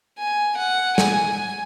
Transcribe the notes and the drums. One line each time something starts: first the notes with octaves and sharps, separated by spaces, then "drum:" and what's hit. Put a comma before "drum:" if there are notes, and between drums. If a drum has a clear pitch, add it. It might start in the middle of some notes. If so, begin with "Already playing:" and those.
G#5
F#5
G#5, drum: snare